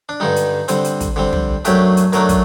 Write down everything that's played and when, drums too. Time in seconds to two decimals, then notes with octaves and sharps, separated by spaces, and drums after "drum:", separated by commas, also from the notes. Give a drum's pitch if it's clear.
0.09 D4
0.20 G2 D3 G3 D#4
0.36 drum: hi-hat
0.68 D3 G3 C4, drum: hi-hat
0.84 drum: hi-hat
1.00 drum: kick, hi-hat
1.16 D3 G3 C4
1.33 drum: tom
1.65 F#2 F#3 A3 D4 G4, drum: hi-hat
1.97 drum: hi-hat
2.13 F#2 F#3 A3 D4 A#4, drum: hi-hat
2.29 drum: kick, hi-hat